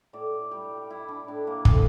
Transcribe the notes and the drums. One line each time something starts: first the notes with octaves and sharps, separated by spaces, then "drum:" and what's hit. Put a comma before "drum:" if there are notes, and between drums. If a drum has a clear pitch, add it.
A2 D5
G3 G4
G3 E4
D4
A2 D4
A#3
A3 C4, drum: kick
D4